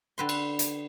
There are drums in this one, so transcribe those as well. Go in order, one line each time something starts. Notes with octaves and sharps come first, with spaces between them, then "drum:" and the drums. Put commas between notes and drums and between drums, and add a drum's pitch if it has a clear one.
D3 B4 C6
drum: cymbal
drum: hi-hat